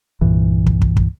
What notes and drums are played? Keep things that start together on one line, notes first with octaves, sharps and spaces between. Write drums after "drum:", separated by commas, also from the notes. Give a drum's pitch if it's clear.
C2 G2 A#2 E3
drum: kick
drum: kick
drum: kick